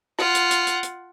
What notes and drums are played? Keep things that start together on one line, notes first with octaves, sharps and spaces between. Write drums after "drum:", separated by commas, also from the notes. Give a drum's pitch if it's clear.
F4 F#5, drum: rim click
drum: hi-hat
drum: hi-hat
drum: hi-hat
drum: hi-hat